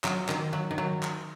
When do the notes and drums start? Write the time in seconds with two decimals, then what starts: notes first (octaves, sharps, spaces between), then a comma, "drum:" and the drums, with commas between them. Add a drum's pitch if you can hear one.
0.04 F#3, drum: clap
0.29 D#3, drum: clap
0.53 F#3
0.71 D#3
0.78 F#3
1.03 drum: clap